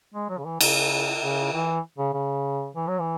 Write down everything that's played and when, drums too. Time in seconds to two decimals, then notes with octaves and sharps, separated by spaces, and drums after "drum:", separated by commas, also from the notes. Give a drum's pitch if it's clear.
0.14 G#3
0.29 F#3
0.38 C#3
0.45 E3
0.61 C#3, drum: cymbal
1.21 C#3
1.53 E3
1.99 C#3
2.14 C#3
2.75 E3
2.88 F#3
3.00 E3